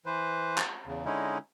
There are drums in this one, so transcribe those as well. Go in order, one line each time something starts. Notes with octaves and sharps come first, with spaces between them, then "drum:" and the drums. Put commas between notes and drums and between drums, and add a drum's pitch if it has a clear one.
E3 B4 C5
drum: clap
E2 C#3
D3 G#3 C#4 D#4 E4